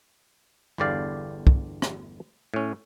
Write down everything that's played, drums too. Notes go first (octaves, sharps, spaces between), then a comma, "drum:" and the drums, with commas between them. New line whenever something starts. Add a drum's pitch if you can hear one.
G1 E2 D3 G4 D5 F5
drum: kick
drum: rim click
A2 C#4